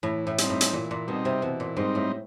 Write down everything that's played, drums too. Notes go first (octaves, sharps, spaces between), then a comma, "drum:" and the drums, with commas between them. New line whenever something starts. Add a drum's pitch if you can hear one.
A2 E3
A2
G3 C4 D#4, drum: hi-hat
A2
drum: hi-hat
A#2 E3
A#2
B2 G3 C4 D#4
C3
B2 E3
A#2
G#2 G3 C4 D#4
A2